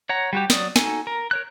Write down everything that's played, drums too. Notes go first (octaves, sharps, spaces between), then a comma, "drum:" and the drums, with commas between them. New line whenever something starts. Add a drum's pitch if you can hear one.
C#5 F#5 A#5
G3 F#4 G4
F#3 D5 D#6, drum: snare
D#4 F#4 A4 G#5, drum: snare
A#4
A#4 C#5 F#6